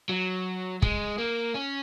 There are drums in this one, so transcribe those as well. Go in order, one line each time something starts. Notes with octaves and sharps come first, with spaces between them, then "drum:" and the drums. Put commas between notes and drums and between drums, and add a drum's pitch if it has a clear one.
F#3
G#3, drum: kick
A#3
C#4